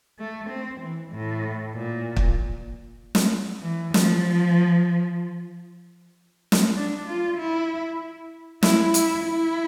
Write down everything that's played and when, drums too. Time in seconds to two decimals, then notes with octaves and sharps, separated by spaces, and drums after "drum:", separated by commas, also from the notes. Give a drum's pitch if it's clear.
0.19 A3
0.50 C4
0.80 E3
1.12 A2
1.74 A#2
2.16 drum: kick
3.15 drum: snare
3.63 E3
3.94 F3, drum: snare
6.52 drum: snare
6.76 D4
7.07 F4
7.37 E4
8.63 E4, drum: snare
8.94 E4, drum: hi-hat
9.25 E4